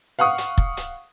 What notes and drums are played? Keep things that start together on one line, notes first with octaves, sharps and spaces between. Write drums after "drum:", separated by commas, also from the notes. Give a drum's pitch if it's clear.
F5 F#5 C#6 D#6
drum: hi-hat
drum: kick
drum: hi-hat